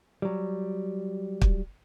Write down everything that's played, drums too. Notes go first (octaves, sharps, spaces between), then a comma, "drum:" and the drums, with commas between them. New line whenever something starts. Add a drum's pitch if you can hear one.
F#3 G3
drum: kick